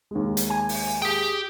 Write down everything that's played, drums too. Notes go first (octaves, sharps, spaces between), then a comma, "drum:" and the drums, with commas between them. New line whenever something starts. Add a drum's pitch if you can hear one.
D#2 G#3
drum: hi-hat
G#5
drum: open hi-hat
G4 G#4 G5